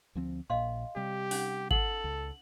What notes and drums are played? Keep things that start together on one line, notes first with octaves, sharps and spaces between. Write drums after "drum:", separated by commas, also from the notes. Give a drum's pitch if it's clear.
D2 F3 C4
A#1 A#2 D#5 F5 C6
C3 G3 G4
C#4 D#4 F#5, drum: open hi-hat
A4 F#5 F#7, drum: kick G#1
C#2